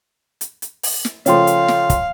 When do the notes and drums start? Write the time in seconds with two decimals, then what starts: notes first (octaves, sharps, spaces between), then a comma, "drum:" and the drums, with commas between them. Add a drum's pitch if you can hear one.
0.41 drum: hi-hat
0.62 drum: hi-hat
0.83 drum: open hi-hat
1.05 drum: snare
1.26 C#3 F3 A3 C#5 F5 G5 C6, drum: hi-hat
1.47 drum: hi-hat
1.68 drum: snare
1.90 drum: kick, hi-hat